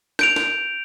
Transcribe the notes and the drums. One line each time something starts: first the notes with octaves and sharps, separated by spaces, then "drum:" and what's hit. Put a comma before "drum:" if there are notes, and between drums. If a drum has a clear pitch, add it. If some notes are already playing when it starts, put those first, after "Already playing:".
G6 D7 F7, drum: snare
drum: snare